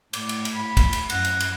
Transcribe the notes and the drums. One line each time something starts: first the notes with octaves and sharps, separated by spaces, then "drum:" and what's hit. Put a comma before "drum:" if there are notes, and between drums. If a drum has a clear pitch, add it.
A2 D5, drum: cymbal
drum: cymbal
drum: cymbal
B5
drum: kick, cymbal
drum: cymbal
F#2 F#5 A#6, drum: cymbal
drum: cymbal
drum: cymbal